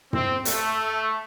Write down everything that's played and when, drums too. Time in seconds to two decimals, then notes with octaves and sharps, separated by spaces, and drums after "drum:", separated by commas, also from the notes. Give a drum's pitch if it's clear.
0.13 C4, drum: tom
0.45 A3, drum: hi-hat